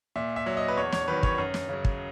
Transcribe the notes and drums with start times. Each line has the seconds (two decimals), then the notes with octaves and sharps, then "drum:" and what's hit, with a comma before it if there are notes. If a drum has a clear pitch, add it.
0.16 A#2 E5
0.36 E5
0.46 F#3
0.57 D#5
0.68 B4
0.77 E2 C#5
0.92 C#5, drum: snare
1.08 D#3 F#3 B4
1.23 C#5, drum: kick
1.38 F#2
1.54 drum: snare
1.69 C#3 F#3
1.85 drum: kick